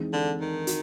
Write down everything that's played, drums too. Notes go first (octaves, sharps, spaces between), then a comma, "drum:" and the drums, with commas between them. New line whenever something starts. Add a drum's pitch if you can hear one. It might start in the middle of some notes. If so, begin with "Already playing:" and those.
Already playing: E3 G#3 C4 D#4
D3
D#3
F#4, drum: hi-hat